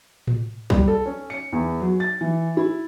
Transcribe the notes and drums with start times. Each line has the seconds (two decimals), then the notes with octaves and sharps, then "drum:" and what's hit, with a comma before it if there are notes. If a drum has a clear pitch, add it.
0.27 drum: tom A2
0.70 G3, drum: kick
0.88 A4
1.06 C#4
1.30 C#7
1.53 E2
1.80 F#3
2.00 A6
2.21 E3
2.57 E4